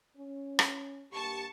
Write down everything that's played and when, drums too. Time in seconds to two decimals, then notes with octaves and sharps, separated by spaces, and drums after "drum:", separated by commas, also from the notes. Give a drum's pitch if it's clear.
0.16 C#4
0.59 drum: rim click
1.12 G2 A#3 G4 A5 C#6